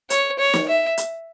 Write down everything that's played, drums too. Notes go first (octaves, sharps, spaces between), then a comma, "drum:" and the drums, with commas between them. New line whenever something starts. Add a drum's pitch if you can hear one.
C#5, drum: hi-hat
C#5
drum: snare
E5
drum: hi-hat